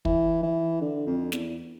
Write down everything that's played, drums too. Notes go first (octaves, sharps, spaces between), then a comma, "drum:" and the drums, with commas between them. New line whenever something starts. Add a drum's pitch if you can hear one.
E3, drum: kick
E3
D3
F2
E2, drum: snare